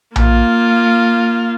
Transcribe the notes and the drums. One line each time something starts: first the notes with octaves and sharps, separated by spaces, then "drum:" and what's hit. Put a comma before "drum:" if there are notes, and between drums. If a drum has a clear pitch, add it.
A#3 F4, drum: tom A#1